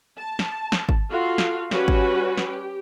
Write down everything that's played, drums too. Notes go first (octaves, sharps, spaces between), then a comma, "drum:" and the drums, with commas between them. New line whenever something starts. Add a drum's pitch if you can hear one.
A5
drum: snare
drum: snare
drum: kick G#1
F4 F#4 A4 F5
drum: snare
G3 C#4 F#4 B4, drum: snare
drum: kick G#1
drum: snare
G4